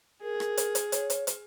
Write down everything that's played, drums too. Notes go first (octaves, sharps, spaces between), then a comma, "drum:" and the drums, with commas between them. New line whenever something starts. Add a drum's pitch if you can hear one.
G#4 A#4
drum: rim click
drum: hi-hat
drum: hi-hat
C#5, drum: hi-hat
drum: hi-hat
drum: hi-hat